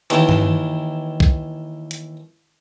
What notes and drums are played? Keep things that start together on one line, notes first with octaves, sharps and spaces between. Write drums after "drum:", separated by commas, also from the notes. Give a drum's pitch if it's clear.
D#2 D#3 E3, drum: hi-hat
drum: tom G2
drum: kick
drum: hi-hat